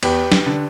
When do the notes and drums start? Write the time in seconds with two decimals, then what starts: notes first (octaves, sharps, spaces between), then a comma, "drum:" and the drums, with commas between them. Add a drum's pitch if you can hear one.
0.03 E2 G4 B4, drum: cymbal
0.32 drum: snare
0.46 D3